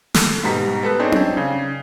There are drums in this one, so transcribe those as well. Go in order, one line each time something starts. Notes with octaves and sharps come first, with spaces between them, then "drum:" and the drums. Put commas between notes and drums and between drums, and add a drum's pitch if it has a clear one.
A4, drum: snare
G#2 B2 G3 A#5 B6
B3 A4 B4
C4 D4 D#4 G#4 C#5
drum: tom C#4
C#3